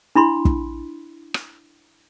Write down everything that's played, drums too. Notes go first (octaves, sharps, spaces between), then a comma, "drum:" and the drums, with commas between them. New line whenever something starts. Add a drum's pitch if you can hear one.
D4 E4 B5 C6
drum: kick
drum: rim click